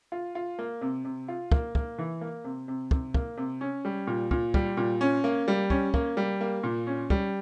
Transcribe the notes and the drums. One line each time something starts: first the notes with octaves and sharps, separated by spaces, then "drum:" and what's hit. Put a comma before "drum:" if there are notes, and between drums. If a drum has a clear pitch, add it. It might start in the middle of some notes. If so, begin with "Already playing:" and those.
F4
F4
A#3
C3
C3
F4
A#3, drum: kick
A#3, drum: kick
E3
A#3
C3
C3
C3, drum: kick
A#3, drum: kick
C3
C#4
G3
A#2
A#2, drum: kick
G3, drum: kick
A#2
C#4
A#3
G3
C#4, drum: kick
A#3, drum: kick
G3
A#3
A#2
C#4
G3, drum: kick